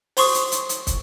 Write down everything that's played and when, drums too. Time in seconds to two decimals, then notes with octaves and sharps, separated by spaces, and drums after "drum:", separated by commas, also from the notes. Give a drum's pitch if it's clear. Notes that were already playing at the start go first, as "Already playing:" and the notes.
0.17 C5 C6 C#6 D#6, drum: open hi-hat
0.34 drum: hi-hat
0.52 drum: hi-hat
0.69 drum: hi-hat
0.87 drum: kick, hi-hat